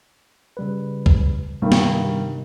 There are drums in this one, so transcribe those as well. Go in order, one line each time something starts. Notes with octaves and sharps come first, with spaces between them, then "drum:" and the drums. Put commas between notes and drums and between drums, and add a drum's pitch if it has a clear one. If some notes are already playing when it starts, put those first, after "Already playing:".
C#3 G3 B4
drum: kick
G2 C3 D#3 D#4
drum: snare